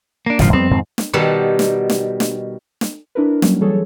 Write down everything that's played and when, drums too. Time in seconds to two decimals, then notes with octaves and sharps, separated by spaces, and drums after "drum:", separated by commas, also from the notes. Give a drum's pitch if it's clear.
0.26 A#3 D4
0.39 G1 A2 C#3 F3, drum: snare
0.53 F2 G3 B3 C4
0.71 F2 G#2 D#3
0.98 drum: snare
1.13 B2 D#3 G3 A4 F#5
1.59 drum: snare
1.89 drum: snare
2.20 drum: snare
2.81 drum: snare
3.15 D4 E4 A#4 B4
3.42 F#3 G3 A#3 C#4, drum: snare
3.60 E3 F#3 G3 G#4 A4 C#5